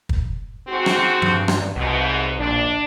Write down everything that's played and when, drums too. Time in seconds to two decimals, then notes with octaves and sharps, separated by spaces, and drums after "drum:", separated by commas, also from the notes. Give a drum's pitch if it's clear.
0.09 drum: kick
0.68 G#2 C4 F#4
0.86 drum: rim click
1.22 G2, drum: tom F3
1.48 drum: rim click
1.76 C2 G#2 B2
2.39 A#1 D4